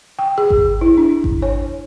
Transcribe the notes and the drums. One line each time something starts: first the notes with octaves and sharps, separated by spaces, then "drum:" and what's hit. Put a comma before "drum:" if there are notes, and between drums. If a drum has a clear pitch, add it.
G5
G#4
drum: kick G#1
E4
D4
drum: kick G#1
C#5